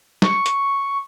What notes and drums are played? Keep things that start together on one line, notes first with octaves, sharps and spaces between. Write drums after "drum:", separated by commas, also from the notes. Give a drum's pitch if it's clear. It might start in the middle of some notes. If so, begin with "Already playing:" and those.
C#6, drum: snare
drum: hi-hat